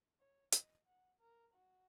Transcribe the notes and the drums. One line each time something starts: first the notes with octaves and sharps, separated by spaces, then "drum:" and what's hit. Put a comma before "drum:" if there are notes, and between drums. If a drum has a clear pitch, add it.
C#5
D#5, drum: hi-hat
F#5
A#4
F#4